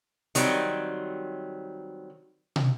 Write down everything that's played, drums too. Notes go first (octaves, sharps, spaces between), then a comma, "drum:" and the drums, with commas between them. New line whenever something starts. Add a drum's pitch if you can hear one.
D#3 F#3 G3 C4, drum: hi-hat
drum: tom